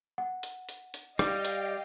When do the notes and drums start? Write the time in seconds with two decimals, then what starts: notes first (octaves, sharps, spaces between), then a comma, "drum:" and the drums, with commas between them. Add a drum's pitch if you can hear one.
0.18 F#5
0.43 drum: hi-hat
0.69 drum: hi-hat
0.94 drum: hi-hat
1.19 G3 D#5 F5 G5, drum: rim click
1.45 drum: hi-hat